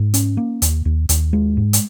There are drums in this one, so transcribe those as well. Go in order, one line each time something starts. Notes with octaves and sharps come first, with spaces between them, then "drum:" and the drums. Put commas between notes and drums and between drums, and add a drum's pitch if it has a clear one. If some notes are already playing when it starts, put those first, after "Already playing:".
Already playing: G#2
C#4, drum: hi-hat
A#3
D#2, drum: hi-hat
D#2
D#2, drum: hi-hat
G#3
G#2
drum: hi-hat